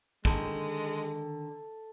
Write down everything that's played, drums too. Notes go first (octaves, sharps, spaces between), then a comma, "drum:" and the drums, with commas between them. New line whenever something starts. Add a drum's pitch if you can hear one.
D3 D#3 G#3 A4, drum: kick